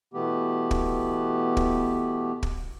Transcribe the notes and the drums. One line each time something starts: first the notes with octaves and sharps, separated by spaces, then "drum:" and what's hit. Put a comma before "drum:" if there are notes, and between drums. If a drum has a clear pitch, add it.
B2 E3 A3 B3 G4
drum: kick
drum: kick
drum: kick